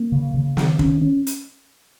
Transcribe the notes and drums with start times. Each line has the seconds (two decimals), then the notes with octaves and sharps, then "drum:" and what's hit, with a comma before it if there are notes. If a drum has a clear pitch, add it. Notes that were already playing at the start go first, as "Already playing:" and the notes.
Already playing: A#3
0.12 C#3
0.34 C#3
0.57 D#3, drum: snare
0.79 C#4, drum: kick
1.02 C#4
1.27 drum: hi-hat